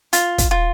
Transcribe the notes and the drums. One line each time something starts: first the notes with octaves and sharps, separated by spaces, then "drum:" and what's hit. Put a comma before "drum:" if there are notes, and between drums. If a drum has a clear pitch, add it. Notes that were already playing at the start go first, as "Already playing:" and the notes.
F4, drum: hi-hat
drum: kick, hi-hat
F4